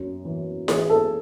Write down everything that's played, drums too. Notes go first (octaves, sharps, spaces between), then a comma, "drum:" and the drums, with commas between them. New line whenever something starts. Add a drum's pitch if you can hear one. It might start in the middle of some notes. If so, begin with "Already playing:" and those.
Already playing: F#2
E3
E3 G#4, drum: snare E4
A4